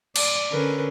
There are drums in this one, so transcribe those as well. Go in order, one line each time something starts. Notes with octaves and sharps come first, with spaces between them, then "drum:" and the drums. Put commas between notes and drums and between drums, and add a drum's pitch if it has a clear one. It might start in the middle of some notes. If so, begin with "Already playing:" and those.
D5, drum: cymbal
D3 C#4 A#4 B4